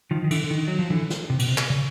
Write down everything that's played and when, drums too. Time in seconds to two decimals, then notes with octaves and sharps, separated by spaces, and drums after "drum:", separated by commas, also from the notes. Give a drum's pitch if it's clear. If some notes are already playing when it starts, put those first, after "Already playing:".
0.11 D#3 F3
0.24 D#3
0.31 D3 E3, drum: cymbal
0.44 D3
0.51 D#3
0.68 F#3
0.79 F3
0.90 D3 E3
1.10 drum: snare
1.30 C3
1.39 B2, drum: cymbal
1.48 C3
1.58 drum: clap
1.70 C#3